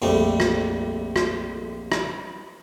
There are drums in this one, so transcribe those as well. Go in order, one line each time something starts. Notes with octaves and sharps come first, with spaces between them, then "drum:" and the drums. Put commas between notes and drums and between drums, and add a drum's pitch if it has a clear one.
A#1 F2 G3 A3
drum: rim click
drum: rim click
drum: rim click